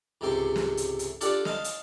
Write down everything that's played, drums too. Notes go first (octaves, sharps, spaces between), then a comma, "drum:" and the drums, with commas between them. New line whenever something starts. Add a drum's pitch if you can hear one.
C#2 G#2 C3 A4 G5 C6
drum: snare
drum: hi-hat
drum: hi-hat
D4 F4 G4 A4 D5 F#5, drum: hi-hat
D#5 F5 A5, drum: snare
drum: hi-hat